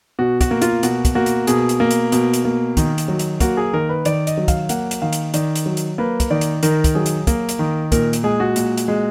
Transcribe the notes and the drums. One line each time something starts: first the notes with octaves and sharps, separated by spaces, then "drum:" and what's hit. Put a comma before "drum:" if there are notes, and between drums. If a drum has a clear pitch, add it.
B2 F#4
F#4, drum: kick, hi-hat
A#3
F4, drum: hi-hat
B2 F#4, drum: hi-hat
drum: kick, hi-hat
A#3 F#4
drum: hi-hat
B2 G#4, drum: hi-hat
drum: hi-hat
A#3
drum: hi-hat
B2, drum: hi-hat
drum: hi-hat
A#3
D#3, drum: kick, hi-hat
drum: hi-hat
F#3
drum: hi-hat
A#3 F#4, drum: kick, hi-hat
G#4
D#3 A#4
B4
D#3 D5, drum: hi-hat
D#5, drum: hi-hat
F#3
F5, drum: kick, hi-hat
A#3 F#5, drum: hi-hat
drum: hi-hat
D#3 F5
drum: hi-hat
D#3 D5, drum: hi-hat
drum: hi-hat
F#3
drum: hi-hat
A#3 B4
drum: kick, hi-hat
D#3 D5
drum: hi-hat
D#3 A#4, drum: hi-hat
drum: kick, hi-hat
F#3 G#4
drum: hi-hat
A#3, drum: kick, hi-hat
drum: hi-hat
D#3
A#2 A#4, drum: kick, hi-hat
drum: hi-hat
G#3 G#4
F#4
A#2, drum: hi-hat
drum: hi-hat
G#3